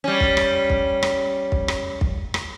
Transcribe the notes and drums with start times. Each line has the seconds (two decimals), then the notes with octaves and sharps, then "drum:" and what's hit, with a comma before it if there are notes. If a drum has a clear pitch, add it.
0.04 G3 C#4
0.20 drum: kick
0.37 drum: rim click
0.70 drum: kick
1.03 drum: rim click
1.52 drum: kick
1.68 drum: rim click
2.01 drum: kick
2.34 drum: rim click